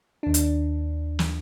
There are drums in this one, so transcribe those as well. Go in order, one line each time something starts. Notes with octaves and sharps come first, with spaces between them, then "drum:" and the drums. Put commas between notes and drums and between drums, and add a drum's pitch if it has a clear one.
D#2 D4
drum: hi-hat
drum: snare